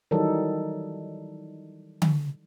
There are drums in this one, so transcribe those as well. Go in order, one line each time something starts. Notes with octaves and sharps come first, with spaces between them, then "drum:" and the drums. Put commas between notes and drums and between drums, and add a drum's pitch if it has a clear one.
D#3 E3 F#3 G3 D#4 A4
drum: tom D3